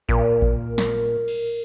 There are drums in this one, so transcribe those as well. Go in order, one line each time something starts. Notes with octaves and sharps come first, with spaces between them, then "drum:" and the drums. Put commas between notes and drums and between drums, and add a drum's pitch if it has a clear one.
A#2 A#4, drum: kick A1
drum: kick A1
drum: snare
drum: cymbal